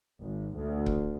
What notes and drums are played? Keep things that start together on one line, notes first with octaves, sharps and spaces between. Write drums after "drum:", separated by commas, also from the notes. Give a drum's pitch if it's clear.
G#1
D2
drum: kick C#1